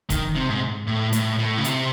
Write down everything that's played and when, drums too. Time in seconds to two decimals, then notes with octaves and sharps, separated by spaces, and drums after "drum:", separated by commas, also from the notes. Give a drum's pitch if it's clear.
0.10 D#3, drum: kick, hi-hat
0.36 C3
0.49 G#2
0.87 A2
1.12 A2, drum: hi-hat
1.39 A2
1.58 C#3
1.64 C3, drum: hi-hat